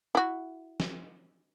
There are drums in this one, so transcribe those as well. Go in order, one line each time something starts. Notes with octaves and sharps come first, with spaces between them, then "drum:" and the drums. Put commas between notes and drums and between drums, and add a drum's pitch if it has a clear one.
E4 F#4
drum: snare